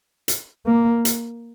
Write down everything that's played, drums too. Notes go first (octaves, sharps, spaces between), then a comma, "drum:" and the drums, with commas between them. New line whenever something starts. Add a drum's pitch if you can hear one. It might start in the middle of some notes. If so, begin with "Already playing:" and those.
drum: hi-hat
A#3
drum: hi-hat